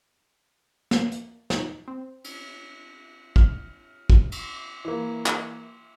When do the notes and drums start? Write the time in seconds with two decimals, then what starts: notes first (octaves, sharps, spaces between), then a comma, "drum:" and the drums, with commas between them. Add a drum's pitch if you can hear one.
0.91 A#3, drum: snare
1.12 drum: hi-hat
1.50 D#4, drum: snare
1.88 C4
2.24 drum: cymbal
3.36 F6, drum: kick
4.10 drum: kick
4.32 drum: cymbal
4.85 E3 A#3
5.26 drum: clap